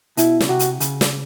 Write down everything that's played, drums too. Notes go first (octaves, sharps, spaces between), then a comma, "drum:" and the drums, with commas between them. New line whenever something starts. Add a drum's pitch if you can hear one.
B2 E4, drum: hi-hat
C#3, drum: snare
C3 F#4
drum: hi-hat
C#3, drum: hi-hat
drum: snare